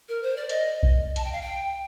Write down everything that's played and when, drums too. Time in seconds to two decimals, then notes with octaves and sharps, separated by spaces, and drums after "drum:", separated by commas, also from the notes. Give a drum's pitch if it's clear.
0.09 A#4
0.23 C5
0.36 D5
0.49 D#5, drum: hi-hat
0.83 drum: kick B1
1.16 A5, drum: hi-hat
1.24 G5
1.33 F5
1.42 G5